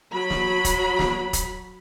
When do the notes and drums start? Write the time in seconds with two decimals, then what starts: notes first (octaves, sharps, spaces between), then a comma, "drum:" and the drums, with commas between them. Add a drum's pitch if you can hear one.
0.13 F#3 B5
0.30 drum: snare
0.65 drum: kick, hi-hat
0.99 drum: snare
1.33 drum: kick, hi-hat